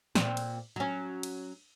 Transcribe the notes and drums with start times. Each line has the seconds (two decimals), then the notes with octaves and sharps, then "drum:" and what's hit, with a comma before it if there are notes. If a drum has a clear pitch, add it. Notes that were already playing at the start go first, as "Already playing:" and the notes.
0.15 A#2 C4, drum: snare
0.37 drum: cymbal
0.76 F#3 C#4
1.23 drum: cymbal